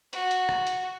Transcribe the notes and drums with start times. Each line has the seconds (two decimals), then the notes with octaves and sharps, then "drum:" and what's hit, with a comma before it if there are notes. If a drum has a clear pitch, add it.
0.13 F#4, drum: hi-hat
0.31 drum: hi-hat
0.49 drum: rim click
0.67 drum: hi-hat